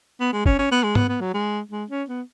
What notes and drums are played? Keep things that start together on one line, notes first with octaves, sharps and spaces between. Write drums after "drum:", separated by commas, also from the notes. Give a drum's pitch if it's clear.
B3
G#3
C#4, drum: kick
C#4
B3
G#3
B3, drum: tom
B3
F#3
G#3
G#3
C#4
B3